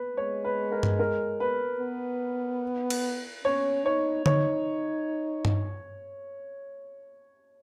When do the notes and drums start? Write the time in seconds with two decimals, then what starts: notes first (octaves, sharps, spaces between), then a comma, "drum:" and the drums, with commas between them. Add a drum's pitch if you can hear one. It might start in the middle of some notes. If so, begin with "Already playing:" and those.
Already playing: B4
0.17 G#3 C#5
0.44 B4
0.72 A#4
0.83 drum: tom G2
0.99 A#4
1.40 B4
1.80 B3
2.90 drum: cymbal
3.45 C#4 C#5
3.85 D#4 C#5
4.26 D#4 C#5, drum: tom D3
5.45 drum: tom G2